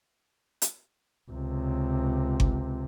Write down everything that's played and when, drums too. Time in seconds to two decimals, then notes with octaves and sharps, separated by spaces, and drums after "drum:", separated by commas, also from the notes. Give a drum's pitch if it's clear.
0.62 drum: hi-hat
1.32 C#2 C3
2.40 drum: kick G1